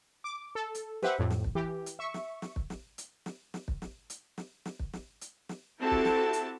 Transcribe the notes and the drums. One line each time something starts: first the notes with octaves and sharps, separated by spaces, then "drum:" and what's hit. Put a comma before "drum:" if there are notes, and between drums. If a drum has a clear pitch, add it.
D6
A4
drum: hi-hat
G4 B4 C5 E5 F#5, drum: snare
F2 A2
drum: snare
drum: kick
E3 G4
drum: hi-hat
E5 C#6
drum: snare
drum: snare
drum: kick
drum: snare
drum: hi-hat
drum: snare
drum: snare
drum: kick
drum: snare
drum: hi-hat
drum: snare
drum: snare
drum: kick
drum: snare
drum: hi-hat
drum: snare
C4 E4 F#4 G4 A4 A5
drum: kick
drum: snare
drum: hi-hat